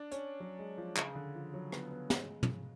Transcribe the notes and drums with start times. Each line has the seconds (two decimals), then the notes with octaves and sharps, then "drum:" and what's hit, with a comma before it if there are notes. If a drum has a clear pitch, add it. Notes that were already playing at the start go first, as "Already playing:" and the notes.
Already playing: D4
0.11 C#4, drum: hi-hat
0.40 F#3
0.59 G#3
0.78 F3
0.96 C#3, drum: clap
1.15 D3
1.35 F3
1.54 F#3
1.72 B3, drum: rim click
1.91 B3
2.10 G#3, drum: snare
2.43 drum: tom